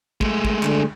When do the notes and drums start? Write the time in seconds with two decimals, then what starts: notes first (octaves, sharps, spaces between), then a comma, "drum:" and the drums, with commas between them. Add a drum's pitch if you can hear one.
0.21 G#3 A3, drum: kick
0.45 drum: kick
0.63 D3, drum: clap